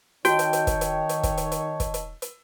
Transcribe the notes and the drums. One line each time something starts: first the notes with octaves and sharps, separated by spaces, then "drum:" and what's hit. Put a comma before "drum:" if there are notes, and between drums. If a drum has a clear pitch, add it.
D#3 D#4 F#4 C#5 D#5 G5 A5, drum: hi-hat
drum: hi-hat
drum: hi-hat
drum: kick, hi-hat
drum: hi-hat
drum: hi-hat
drum: kick, hi-hat
drum: hi-hat
drum: hi-hat
drum: kick, hi-hat
drum: hi-hat
drum: hi-hat